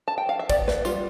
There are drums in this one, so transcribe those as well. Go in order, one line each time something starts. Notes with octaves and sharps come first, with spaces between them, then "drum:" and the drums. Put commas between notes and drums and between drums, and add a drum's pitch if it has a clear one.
A5
G5
F5
E5
B3 D5, drum: kick, tambourine
B4, drum: snare
G3 F4, drum: tambourine